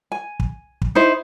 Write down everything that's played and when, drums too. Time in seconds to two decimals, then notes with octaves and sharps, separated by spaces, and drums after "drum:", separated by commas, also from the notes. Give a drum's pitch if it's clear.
0.12 G#5
0.40 drum: kick
0.82 drum: kick
0.95 D#4 E4 C5